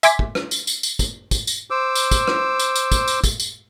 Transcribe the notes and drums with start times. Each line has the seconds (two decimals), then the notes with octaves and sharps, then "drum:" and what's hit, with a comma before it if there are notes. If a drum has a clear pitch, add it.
0.03 E5 G#5 C6 D6 G#6 B6, drum: tambourine
0.19 drum: kick
0.35 drum: rim click
0.51 drum: tambourine
0.67 drum: tambourine
0.83 drum: tambourine
0.99 drum: kick, tambourine
1.31 drum: kick, tambourine
1.47 drum: tambourine
1.70 C5 D6 E6
1.95 drum: tambourine
2.11 drum: kick, tambourine
2.27 drum: rim click
2.60 drum: tambourine
2.76 drum: tambourine
2.92 drum: kick, tambourine
3.08 drum: tambourine
3.24 drum: kick, tambourine
3.40 drum: tambourine